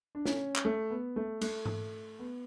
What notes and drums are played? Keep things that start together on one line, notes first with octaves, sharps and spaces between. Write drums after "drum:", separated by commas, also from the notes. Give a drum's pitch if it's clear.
D4
C#4, drum: snare
drum: clap
A3
B3
A3
A3, drum: cymbal
drum: tom G#2
B3